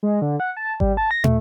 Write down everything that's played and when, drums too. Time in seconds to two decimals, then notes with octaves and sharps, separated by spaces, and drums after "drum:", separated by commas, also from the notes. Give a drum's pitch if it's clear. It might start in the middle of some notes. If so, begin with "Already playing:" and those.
0.03 G#3
0.22 D3
0.40 F#5
0.57 A5
0.80 G3, drum: kick G#1
0.97 A5
1.11 A#6
1.24 A3, drum: tom